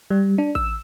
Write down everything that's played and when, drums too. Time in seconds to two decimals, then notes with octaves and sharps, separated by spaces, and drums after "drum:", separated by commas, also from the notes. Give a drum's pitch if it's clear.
0.10 G3
0.38 D4
0.55 E6, drum: kick A1